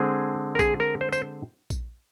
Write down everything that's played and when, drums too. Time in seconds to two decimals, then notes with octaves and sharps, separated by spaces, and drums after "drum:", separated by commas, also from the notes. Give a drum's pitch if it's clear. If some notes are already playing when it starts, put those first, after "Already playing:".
Already playing: D3 G#3 C4 G#4
0.55 A#4
0.59 G#4, drum: kick A#1, tambourine
0.80 A#4
1.01 C5
1.12 C5, drum: tambourine
1.70 drum: kick A#1, tambourine